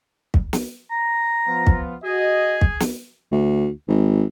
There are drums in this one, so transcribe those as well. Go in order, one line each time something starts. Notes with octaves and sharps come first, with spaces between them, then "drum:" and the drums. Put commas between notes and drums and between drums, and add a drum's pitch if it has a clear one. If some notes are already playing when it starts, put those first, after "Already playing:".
drum: kick
drum: snare
A#5
F3 B3 F4
drum: kick
F#4 G#4 D#5
drum: kick
drum: snare
D2
G#1